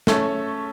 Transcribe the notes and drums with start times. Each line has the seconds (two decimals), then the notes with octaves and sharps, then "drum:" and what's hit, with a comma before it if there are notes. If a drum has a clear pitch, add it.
0.07 A3 C#4 A4 C#5, drum: snare